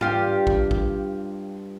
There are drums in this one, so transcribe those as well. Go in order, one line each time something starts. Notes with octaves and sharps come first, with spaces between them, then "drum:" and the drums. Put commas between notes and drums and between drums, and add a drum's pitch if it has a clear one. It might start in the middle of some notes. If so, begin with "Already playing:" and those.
G2 F4 G4 F6, drum: tom G#2
drum: kick
drum: kick